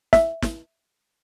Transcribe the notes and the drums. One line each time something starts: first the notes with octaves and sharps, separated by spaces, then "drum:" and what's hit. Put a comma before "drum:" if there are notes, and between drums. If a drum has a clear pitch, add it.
E5, drum: snare
drum: snare